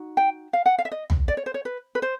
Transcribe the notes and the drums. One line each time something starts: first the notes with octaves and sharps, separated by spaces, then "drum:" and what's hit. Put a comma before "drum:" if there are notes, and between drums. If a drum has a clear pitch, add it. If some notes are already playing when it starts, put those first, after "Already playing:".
Already playing: D#4 F#4
G5
F5
F#5
F5
E5
D#5
drum: tom
D5
C#5
C5
C#5
B4
B4
C5